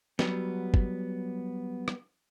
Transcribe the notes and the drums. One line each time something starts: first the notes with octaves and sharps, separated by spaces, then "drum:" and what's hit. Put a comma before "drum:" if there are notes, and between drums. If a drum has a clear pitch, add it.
F#3 G3 B3, drum: snare
drum: kick
drum: rim click